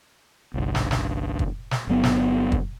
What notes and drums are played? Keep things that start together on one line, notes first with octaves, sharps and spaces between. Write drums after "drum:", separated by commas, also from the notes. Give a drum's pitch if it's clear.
G1 C2
drum: snare
drum: snare
drum: kick
drum: snare
G1 F#3 B3
drum: snare
drum: kick